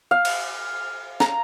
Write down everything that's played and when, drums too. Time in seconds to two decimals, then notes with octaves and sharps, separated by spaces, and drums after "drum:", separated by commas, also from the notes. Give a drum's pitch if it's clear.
0.11 F5
0.25 drum: cymbal
1.20 A#5, drum: snare